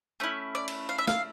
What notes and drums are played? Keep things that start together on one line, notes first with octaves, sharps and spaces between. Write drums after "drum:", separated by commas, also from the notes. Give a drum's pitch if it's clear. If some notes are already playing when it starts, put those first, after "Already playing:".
A3 C#4 E4
D5
drum: cymbal
F5
E5
F5, drum: snare